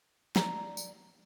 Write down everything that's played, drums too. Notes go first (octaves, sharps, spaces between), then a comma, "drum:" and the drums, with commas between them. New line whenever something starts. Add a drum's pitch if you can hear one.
D5 A#5, drum: snare
drum: tambourine